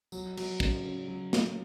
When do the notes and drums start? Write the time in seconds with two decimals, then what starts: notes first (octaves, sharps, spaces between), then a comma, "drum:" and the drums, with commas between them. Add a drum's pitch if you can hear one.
0.12 F#3, drum: tambourine
0.37 F#3, drum: cymbal
0.60 C#3, drum: kick
0.85 C#3
1.08 F#3
1.33 A#3, drum: snare